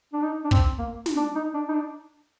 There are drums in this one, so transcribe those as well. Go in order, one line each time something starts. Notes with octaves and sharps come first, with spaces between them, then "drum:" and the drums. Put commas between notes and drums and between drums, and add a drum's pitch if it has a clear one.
D4
D#4
D4
C4, drum: kick
A#3
drum: snare
D4
D#4
D4
D#4
D4